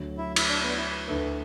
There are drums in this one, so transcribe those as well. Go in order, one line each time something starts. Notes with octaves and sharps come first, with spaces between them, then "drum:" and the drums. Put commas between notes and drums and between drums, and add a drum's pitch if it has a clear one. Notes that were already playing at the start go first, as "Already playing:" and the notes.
Already playing: D2 D3 F#3
E4
E4, drum: cymbal
D4
B3
E4
D2 D3 A3 E4 B4